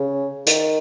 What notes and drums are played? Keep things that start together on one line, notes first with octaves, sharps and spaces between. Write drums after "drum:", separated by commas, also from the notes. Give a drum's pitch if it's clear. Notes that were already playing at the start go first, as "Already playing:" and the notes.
Already playing: C#3
D#3, drum: hi-hat